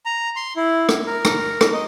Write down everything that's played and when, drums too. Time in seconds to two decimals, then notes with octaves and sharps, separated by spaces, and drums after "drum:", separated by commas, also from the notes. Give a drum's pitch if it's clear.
0.06 A#5
0.36 C6
0.56 E4
0.89 drum: rim click
1.07 A#4
1.25 drum: rim click
1.61 drum: rim click
1.73 D#5